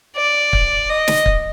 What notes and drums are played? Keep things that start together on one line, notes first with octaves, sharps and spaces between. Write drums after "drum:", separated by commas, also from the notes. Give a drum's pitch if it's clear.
D5
drum: kick
D#5
drum: snare
drum: kick